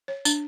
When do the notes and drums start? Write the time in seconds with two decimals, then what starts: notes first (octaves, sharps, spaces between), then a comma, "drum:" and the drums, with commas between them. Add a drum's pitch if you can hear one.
0.08 C#5
0.25 D4, drum: tambourine